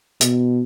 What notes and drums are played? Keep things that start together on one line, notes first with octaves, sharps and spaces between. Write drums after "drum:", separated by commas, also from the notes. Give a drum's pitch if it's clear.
B2, drum: hi-hat